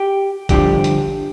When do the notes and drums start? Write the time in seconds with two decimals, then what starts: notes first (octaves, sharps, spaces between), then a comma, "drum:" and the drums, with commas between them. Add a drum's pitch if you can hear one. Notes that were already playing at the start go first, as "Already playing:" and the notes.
Already playing: G4
0.49 G2 D3 F3 G4, drum: kick A1, hi-hat
0.84 drum: hi-hat